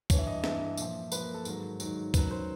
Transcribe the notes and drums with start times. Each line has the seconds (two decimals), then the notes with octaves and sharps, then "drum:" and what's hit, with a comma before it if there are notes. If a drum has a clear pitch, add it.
0.10 G2 E3 C#5, drum: kick, tambourine
0.19 E5
0.27 D#5
0.44 G2 E3 E5, drum: snare
0.77 A#2 F3, drum: tambourine
1.12 A#2 F3 B4, drum: tambourine
1.23 A#4
1.34 A4
1.45 G#2 D#3 F#3 A#4, drum: tambourine
1.80 G#2 D#3 F#3, drum: tambourine
2.14 F#2 D#3 F#3 B4, drum: kick, tambourine
2.31 C5